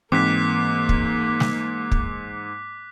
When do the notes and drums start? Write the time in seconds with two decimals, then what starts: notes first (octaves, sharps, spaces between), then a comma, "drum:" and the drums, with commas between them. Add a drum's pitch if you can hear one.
0.12 G#2 E3 A#3 C4 D6 F#6 B6
0.89 drum: kick
1.40 drum: snare
1.92 drum: kick